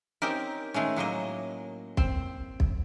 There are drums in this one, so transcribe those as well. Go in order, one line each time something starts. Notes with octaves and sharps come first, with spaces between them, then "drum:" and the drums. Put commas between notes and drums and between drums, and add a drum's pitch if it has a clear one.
C4 C#4 D#4 G4 A#4
D#3 G#3 A3 C#4
A2 F#3 A#3 D#5
C4, drum: kick
drum: kick